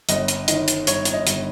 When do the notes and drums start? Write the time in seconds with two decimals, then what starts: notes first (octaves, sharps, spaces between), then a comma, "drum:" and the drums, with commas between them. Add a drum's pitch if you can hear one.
0.09 G1 D#5, drum: hi-hat
0.28 drum: hi-hat
0.48 D#3 D#5, drum: hi-hat
0.68 drum: hi-hat
0.87 G2 C#5, drum: hi-hat
1.05 C#5, drum: hi-hat
1.13 D#5
1.27 G1, drum: hi-hat